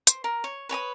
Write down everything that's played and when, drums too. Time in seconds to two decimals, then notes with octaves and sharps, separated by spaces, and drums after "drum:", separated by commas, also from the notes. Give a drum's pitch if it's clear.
0.07 C5, drum: hi-hat
0.24 A#4
0.44 C#5
0.69 B4 C#5 G#5 D#6